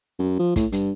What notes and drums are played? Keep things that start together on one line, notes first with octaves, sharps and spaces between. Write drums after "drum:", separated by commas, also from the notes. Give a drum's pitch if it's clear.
F#2
F3
A2, drum: kick, hi-hat
G2, drum: hi-hat